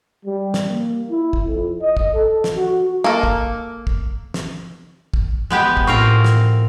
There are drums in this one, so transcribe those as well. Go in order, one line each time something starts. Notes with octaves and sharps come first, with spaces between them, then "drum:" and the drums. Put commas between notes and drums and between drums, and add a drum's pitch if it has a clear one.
G3
drum: snare
A#3
E4
drum: kick
F2
D#5
drum: kick
A4
drum: snare
F#4
A#3 A4
drum: kick
drum: kick
drum: snare
drum: kick
G#3 B3 G4
drum: kick
A2 C4 F4 A#4
drum: snare